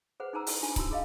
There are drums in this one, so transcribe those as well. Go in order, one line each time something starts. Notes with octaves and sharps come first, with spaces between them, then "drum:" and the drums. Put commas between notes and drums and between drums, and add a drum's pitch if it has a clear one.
G#4 B4 C5 F#5
D#4 G#4 C5 A5 A#5 E6
E4 C6, drum: open hi-hat
D4 F4 G#5 A5 C6
E4 F#4 E6, drum: kick C#1, hi-hat
G#4 D#5 F5